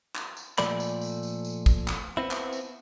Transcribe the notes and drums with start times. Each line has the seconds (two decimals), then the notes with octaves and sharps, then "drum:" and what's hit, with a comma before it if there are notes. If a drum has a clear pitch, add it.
0.15 drum: clap
0.37 drum: tambourine
0.58 A#2 F3 A3 D5 B5, drum: clap
0.80 drum: tambourine
1.01 drum: tambourine
1.23 drum: tambourine
1.45 drum: tambourine
1.66 drum: kick, tambourine
1.88 drum: clap
2.17 B3 C4 E4
2.31 drum: clap
2.52 drum: tambourine